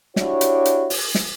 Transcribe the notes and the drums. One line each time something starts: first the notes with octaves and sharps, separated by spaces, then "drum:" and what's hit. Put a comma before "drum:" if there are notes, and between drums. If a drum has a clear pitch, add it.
D4 E4 F#4 G4 C#5, drum: snare
drum: hi-hat
drum: hi-hat
drum: open hi-hat
drum: snare